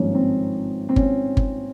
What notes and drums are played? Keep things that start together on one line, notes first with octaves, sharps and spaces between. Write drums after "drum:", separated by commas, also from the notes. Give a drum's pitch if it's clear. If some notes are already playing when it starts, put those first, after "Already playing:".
Already playing: G#1 G2 F3 A#3 C#4
C4
C4
C#4, drum: kick G1
drum: kick G1